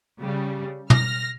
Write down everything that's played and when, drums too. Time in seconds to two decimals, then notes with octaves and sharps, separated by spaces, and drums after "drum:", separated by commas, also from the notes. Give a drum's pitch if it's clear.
0.21 C#3 G3
0.90 F6 A#6, drum: tom